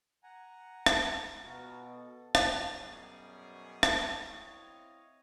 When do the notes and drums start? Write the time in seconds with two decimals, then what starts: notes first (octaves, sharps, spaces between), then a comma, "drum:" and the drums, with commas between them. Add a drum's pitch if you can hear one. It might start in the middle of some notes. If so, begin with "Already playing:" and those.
0.23 F#5 G#5 A#5
0.86 drum: rim click
1.44 B2 F4 F#4 A#5
1.95 A4
2.35 drum: rim click
2.55 F#2 B2 G3 C#4 G#4
3.83 drum: rim click
4.20 C4 E4 C#5 D#5 F5